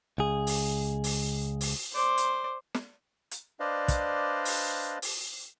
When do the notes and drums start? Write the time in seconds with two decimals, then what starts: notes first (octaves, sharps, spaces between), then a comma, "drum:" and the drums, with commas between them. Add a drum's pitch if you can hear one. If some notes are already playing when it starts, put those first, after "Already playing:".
0.18 C#2 G#4
0.47 drum: open hi-hat
1.04 drum: open hi-hat
1.61 drum: open hi-hat
1.93 C5 D5
2.18 drum: hi-hat
2.74 drum: snare
3.31 drum: hi-hat
3.60 D4 B4 C5 D5 D#5 F5
3.88 drum: kick, hi-hat
4.45 drum: open hi-hat
5.02 drum: open hi-hat